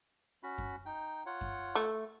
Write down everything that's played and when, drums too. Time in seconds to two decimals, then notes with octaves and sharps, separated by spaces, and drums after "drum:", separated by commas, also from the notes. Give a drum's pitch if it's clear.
0.43 C#4 F#4 B5
0.58 drum: kick F#2
0.86 D#4 G5
1.26 F4 C#5 F#5
1.41 drum: kick F#2
1.75 A3